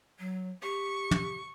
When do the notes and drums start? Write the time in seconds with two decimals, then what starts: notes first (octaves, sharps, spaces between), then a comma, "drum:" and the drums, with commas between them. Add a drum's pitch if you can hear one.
0.19 F#3
0.62 G4 C#6
1.11 drum: tom